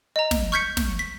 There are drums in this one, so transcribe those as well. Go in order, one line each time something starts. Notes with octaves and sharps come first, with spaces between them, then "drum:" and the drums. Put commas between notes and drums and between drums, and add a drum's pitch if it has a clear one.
D#5 A#5
drum: snare
C#6 F6 G6 G#6 B6 C#7
drum: snare
B6